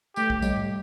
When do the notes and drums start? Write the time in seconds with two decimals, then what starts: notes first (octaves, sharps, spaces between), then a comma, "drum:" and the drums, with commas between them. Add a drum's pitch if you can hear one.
0.16 A3 G4, drum: tambourine
0.30 drum: kick
0.42 G3, drum: tambourine
0.56 drum: tom G#2